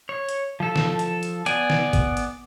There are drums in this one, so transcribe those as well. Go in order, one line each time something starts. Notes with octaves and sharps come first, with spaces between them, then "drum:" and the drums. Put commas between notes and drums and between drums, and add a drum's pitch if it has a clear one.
C#5
drum: hi-hat
F3 A4
drum: snare
drum: hi-hat
drum: hi-hat
B3 D5 G#5, drum: hi-hat
drum: snare
drum: kick G#1, hi-hat
drum: hi-hat